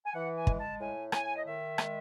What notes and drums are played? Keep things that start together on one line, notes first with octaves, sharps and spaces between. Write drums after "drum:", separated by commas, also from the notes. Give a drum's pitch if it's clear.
G#5
E3 F#5
G#5
G#3, drum: kick
A5
A2 G#5
A2 G#5, drum: rim click
D#5
D#3 E5
G#3, drum: rim click